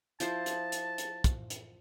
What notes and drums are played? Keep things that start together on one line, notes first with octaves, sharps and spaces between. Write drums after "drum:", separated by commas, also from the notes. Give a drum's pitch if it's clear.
F3 E4 C5 A5, drum: hi-hat
drum: hi-hat
drum: hi-hat
drum: hi-hat
drum: kick, hi-hat
drum: hi-hat